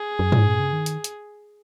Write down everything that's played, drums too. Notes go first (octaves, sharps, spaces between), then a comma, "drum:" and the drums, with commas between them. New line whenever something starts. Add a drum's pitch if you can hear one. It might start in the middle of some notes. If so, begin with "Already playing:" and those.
Already playing: G#4
F#2
G#2, drum: tom
A#2
C#3
D#3
drum: hi-hat
drum: hi-hat